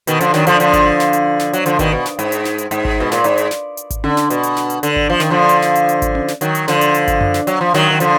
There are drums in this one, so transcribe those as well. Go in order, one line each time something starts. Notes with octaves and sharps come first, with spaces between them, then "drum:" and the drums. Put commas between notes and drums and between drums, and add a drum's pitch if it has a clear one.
B2 D#3, drum: hi-hat
D3 F3, drum: hi-hat
D#3 F#3, drum: snare
D3 F3, drum: hi-hat
D3 F3, drum: hi-hat
drum: kick G#1, hi-hat
drum: snare
drum: hi-hat
drum: snare
F#3, drum: hi-hat
D3 F3, drum: hi-hat
B2 D#3, drum: kick G#1, hi-hat
B2
drum: snare
G#2, drum: hi-hat
drum: hi-hat
drum: snare
drum: hi-hat
G#2, drum: hi-hat
drum: kick G#1
B2
A#2, drum: snare
G#2, drum: hi-hat
drum: hi-hat
drum: snare
drum: hi-hat
drum: kick G#1, hi-hat
D3, drum: tom C#4
drum: snare
B2, drum: hi-hat
drum: hi-hat
drum: snare
drum: hi-hat
D3, drum: hi-hat
drum: kick G#1
F3
D#3, drum: snare
D3 F3
drum: hi-hat
drum: snare
drum: hi-hat
drum: hi-hat
drum: kick G#1, hi-hat
drum: tom C#4
drum: snare
D#3 F#3, drum: hi-hat
drum: hi-hat
D3 F3, drum: snare
drum: hi-hat
drum: hi-hat
drum: kick G#1, hi-hat
drum: tom F#2
drum: snare
F#3, drum: hi-hat
F3
D#3 F#3, drum: snare
D#3
D3 F3, drum: hi-hat